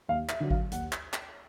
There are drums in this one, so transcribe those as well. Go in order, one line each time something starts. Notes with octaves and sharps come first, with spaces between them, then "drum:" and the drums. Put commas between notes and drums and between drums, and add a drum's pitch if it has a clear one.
D#2 F5
E5, drum: clap
D3 F#3
F5, drum: kick G#1
D#2 F#5, drum: hi-hat
drum: clap
drum: clap